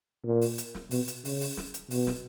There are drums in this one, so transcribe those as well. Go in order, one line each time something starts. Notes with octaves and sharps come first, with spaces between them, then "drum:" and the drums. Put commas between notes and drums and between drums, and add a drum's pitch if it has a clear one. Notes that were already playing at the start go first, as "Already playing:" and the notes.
A#2
drum: open hi-hat
drum: hi-hat
drum: snare
B2, drum: open hi-hat
drum: hi-hat
C#3, drum: open hi-hat
drum: open hi-hat
drum: snare
drum: hi-hat
B2, drum: open hi-hat
drum: snare